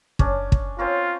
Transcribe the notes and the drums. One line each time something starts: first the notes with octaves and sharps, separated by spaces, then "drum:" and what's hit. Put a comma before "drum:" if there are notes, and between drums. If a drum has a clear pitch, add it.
F#1 C#4 D4, drum: kick
drum: kick
C4 C#4 F4 A#4